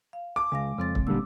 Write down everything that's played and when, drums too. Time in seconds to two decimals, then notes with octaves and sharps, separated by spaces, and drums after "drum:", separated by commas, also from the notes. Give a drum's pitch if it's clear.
0.13 F5
0.36 A5 D6
0.52 C#2 G#3 F5 A#6
0.78 F2 C#3 C4 A6
0.95 drum: kick
1.07 A#2 D3 G3 E6